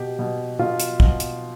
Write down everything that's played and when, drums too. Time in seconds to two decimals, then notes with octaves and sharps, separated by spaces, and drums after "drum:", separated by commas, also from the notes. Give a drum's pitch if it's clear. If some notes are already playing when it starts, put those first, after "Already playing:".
Already playing: B2 G4
0.19 B2
0.59 B2 F4
0.80 drum: hi-hat
1.00 B2, drum: kick
1.20 drum: hi-hat